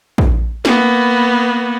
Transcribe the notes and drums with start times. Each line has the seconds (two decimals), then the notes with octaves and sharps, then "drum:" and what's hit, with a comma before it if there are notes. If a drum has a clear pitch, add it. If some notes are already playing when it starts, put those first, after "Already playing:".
0.18 drum: kick
0.65 A#3 B3, drum: snare